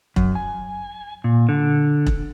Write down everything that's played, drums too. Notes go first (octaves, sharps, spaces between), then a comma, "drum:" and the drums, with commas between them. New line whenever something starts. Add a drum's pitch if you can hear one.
F#2, drum: kick E1
G#5
A#2
D3
drum: kick E1